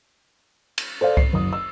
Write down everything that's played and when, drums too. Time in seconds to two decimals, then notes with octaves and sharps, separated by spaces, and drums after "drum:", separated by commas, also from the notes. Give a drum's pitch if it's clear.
0.78 drum: cymbal
1.01 A4 C5 D5 F5
1.17 C7, drum: kick C2
1.33 F#1 D#6
1.53 E6